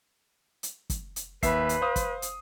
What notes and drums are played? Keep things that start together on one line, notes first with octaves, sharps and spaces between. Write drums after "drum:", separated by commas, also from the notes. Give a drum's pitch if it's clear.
drum: hi-hat
drum: kick, hi-hat
drum: hi-hat
D#2 B4 E5 C7, drum: kick, hi-hat
drum: hi-hat
C5 F5 D#6
drum: kick, hi-hat
drum: hi-hat